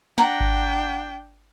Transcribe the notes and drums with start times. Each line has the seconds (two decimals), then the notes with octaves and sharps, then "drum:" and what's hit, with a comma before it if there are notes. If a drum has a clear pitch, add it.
0.18 D4 F#5 G5 A#5, drum: snare
0.40 drum: kick G#1